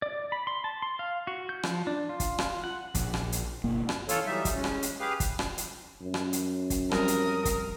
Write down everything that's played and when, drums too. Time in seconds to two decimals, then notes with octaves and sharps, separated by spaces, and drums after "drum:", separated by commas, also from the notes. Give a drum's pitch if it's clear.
0.02 D5
0.32 B5
0.47 C6
0.64 A5
0.82 C6
0.99 F5
1.27 F#4
1.49 G6
1.63 F3, drum: rim click
1.87 D4
2.09 F4
2.20 drum: kick, hi-hat
2.38 drum: rim click
2.64 F#5
2.95 A#1, drum: kick, hi-hat
3.14 drum: rim click
3.32 drum: hi-hat
3.64 G1 B2 A#3
3.89 drum: rim click
4.09 E3 F4 A4 C#5, drum: hi-hat
4.26 E3 F#3 G3 D#4 E5
4.45 drum: kick, hi-hat
4.55 G#3 C#4
4.64 drum: rim click
4.83 drum: hi-hat
5.00 G4 G#4 B4 F5
5.20 drum: kick, hi-hat
5.39 drum: rim click
5.58 drum: hi-hat
6.01 F#2
6.14 drum: rim click
6.33 drum: hi-hat
6.70 drum: kick, hi-hat
6.91 F3 G3 C4 A#4 D#6, drum: rim click
7.08 drum: hi-hat
7.45 drum: kick, hi-hat